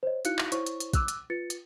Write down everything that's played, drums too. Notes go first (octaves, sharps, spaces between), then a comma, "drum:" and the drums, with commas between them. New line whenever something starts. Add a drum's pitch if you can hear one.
C5 C#5 D#5
D#4 E4 F#4 F5 F#6 C#7, drum: hi-hat
drum: clap
E4 C5 C#5 C#6, drum: hi-hat
drum: hi-hat
drum: hi-hat
D6 E6 F#6, drum: kick, hi-hat
drum: hi-hat
F4 B4 A6 C#7
drum: hi-hat